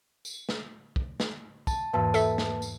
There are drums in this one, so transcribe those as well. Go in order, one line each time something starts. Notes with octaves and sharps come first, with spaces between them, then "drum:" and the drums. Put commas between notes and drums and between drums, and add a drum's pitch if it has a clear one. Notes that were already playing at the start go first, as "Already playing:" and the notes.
drum: tambourine
drum: snare
drum: kick
drum: snare
A5, drum: kick, tambourine
E2 G#2 E3 A#3 B4 A5
A4 E5, drum: tambourine
drum: snare
drum: tambourine